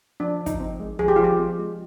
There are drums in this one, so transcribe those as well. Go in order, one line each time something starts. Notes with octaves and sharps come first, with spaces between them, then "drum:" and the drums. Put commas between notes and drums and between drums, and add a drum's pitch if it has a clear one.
F3 D4
F3
D#4, drum: kick, hi-hat
C4
G#3
F3 G#4, drum: tom
G4
F3 F4
G4
C4
G#3